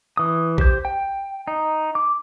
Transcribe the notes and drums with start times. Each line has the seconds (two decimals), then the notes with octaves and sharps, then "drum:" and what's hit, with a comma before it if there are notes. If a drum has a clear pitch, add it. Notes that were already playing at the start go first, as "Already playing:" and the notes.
0.17 E3 D#6
0.58 G4 C5 G6, drum: kick A#1
0.85 G5
1.48 D#4
1.95 D6